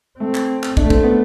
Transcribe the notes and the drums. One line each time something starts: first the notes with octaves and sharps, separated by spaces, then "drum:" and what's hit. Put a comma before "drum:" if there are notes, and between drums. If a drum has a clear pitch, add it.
A3 C4
drum: clap
drum: clap
A3 D4, drum: kick
C4, drum: kick
B3